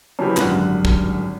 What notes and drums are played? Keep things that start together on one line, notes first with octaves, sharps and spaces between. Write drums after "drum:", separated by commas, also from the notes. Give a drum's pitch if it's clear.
C#3 F3 F#3 E4 G4 B4
G#1 F#2 D3 G3 F#5 F#6, drum: clap
drum: kick